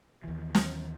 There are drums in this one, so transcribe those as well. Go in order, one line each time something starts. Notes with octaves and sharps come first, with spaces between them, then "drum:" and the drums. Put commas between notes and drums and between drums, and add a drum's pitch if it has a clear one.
D#2 E3
drum: snare